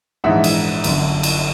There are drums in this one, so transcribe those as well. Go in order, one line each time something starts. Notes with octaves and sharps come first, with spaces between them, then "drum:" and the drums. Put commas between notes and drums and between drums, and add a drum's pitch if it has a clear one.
A#1 G#2 E3 G#3 E5 F#5
drum: cymbal
G1 F#2 D3, drum: cymbal
drum: cymbal